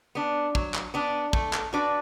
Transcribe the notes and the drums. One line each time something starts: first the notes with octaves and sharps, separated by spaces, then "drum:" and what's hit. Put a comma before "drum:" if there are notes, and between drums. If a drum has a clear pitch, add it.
B3 D4
F#3, drum: kick
drum: clap
B3 D4
A3, drum: kick
drum: clap
D4 F#4 B4 D5